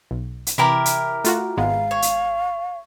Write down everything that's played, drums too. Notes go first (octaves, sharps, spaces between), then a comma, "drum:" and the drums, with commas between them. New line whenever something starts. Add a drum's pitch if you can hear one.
B1
drum: hi-hat
C3 E3 E4 G4 A#4
drum: hi-hat
A3 F4 F#4, drum: hi-hat
G#1 G#3 B3 F5
C#5
drum: hi-hat